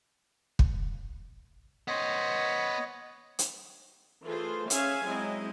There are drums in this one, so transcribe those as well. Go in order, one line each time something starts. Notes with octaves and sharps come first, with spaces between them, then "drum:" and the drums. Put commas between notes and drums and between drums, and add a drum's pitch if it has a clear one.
drum: kick
B3 C5 C#5 D#5
drum: hi-hat
E3 A3 F4 G#4 C5
C#4 G#4 C#5 E5 F5 G#5, drum: hi-hat
F#3 G#3 C4 E4 D#5